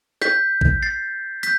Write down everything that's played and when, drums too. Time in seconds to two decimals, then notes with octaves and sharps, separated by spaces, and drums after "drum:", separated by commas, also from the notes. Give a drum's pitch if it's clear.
0.22 G6 B6, drum: snare
0.61 drum: kick A#1
0.82 A6 C7
1.43 G6 B6, drum: hi-hat